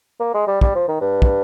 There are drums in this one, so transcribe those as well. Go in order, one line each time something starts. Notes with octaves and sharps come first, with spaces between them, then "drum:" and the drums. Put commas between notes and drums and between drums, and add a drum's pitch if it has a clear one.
A#3
G#3
G3
G3, drum: kick
F3
D#3
G2
drum: kick